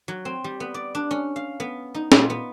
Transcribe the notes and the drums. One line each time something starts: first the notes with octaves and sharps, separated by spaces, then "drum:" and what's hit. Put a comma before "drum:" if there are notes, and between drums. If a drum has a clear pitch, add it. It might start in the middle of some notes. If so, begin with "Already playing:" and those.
F#3
C4
G3
B3
D5
D4
C#4
F5
B3
D#4
A#2, drum: snare
B3